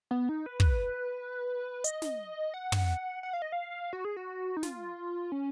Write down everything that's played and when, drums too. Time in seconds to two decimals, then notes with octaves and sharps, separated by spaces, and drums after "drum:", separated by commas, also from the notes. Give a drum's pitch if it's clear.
0.11 B3
0.29 D#4
0.46 B4
0.60 drum: kick
1.84 D#5, drum: hi-hat
2.02 drum: snare
2.54 F#5
2.72 drum: tom
3.23 F#5
3.33 F5
3.42 D#5
3.52 F5
3.93 F#4
4.05 G#4
4.16 F#4
4.57 D#4
4.63 F4, drum: snare
5.32 C#4